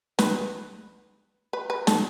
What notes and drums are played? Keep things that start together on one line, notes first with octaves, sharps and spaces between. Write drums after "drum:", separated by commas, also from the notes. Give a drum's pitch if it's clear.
B4, drum: snare
B4
B4
A4, drum: snare